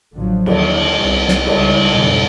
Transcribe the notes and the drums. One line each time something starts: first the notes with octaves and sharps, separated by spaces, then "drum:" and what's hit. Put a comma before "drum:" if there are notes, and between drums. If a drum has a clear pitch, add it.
A1 D3 F3 F#3
D#2 D3, drum: cymbal
C2 E3 G3 B3
drum: snare
C#2 G3, drum: cymbal
F2 G#2 B2 D3 E3 G3